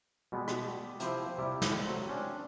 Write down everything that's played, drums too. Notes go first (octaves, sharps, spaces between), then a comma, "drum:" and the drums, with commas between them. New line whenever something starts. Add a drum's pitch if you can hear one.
B2 G3 G#3 B3
drum: rim click
G4
C3 F3 C4 E4 G4 C5, drum: hi-hat
C3 G3 E4 G4
drum: snare
F#3 C4 A4
C#4 D4